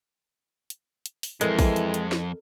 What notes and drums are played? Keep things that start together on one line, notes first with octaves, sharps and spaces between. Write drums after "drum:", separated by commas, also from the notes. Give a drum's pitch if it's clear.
drum: hi-hat
drum: hi-hat
drum: open hi-hat
F2 E3 G#3 A4 A#4 D#5, drum: hi-hat
drum: kick, open hi-hat
drum: hi-hat
drum: hi-hat
drum: snare